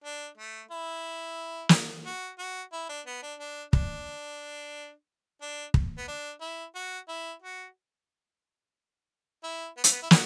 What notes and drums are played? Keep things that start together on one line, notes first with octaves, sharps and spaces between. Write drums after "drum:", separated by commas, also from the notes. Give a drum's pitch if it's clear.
D4
A3
E4
drum: snare
F#4
F#4
E4
D4
B3
D4
D4
D4, drum: kick
D4
drum: kick
B3
D4
E4
F#4
E4
F#4
E4
B3
A3, drum: hi-hat
B3
E4
F#4, drum: snare